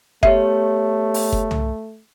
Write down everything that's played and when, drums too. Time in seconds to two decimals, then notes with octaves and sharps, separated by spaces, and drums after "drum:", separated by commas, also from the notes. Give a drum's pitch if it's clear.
0.23 A3 B3 G4 C#5 E5, drum: kick F#1
1.14 drum: open hi-hat
1.33 drum: kick F#1
1.51 drum: tom C2